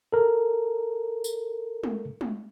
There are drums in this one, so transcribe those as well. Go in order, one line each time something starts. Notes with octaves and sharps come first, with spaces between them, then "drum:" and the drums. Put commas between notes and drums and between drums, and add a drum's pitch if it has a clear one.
A4 A#4
drum: tambourine
drum: tom
drum: tom